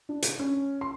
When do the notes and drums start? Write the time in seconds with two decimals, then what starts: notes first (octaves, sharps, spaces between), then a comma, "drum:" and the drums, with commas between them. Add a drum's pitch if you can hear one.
0.09 D4
0.22 drum: hi-hat
0.39 C#4
0.81 C6